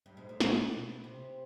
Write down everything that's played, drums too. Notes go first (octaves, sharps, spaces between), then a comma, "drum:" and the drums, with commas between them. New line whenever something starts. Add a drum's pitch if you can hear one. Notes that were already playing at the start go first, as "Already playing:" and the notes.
G2
G#2
A2
A#2, drum: snare
B2
C3